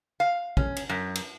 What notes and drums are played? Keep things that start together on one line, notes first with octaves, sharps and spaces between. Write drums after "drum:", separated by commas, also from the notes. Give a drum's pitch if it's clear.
F5
C#4, drum: kick
drum: cymbal
F#2
drum: cymbal